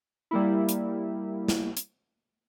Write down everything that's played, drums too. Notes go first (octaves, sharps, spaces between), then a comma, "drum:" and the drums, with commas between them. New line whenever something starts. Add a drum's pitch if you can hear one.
G3 A#3 E4
drum: hi-hat
drum: snare
drum: hi-hat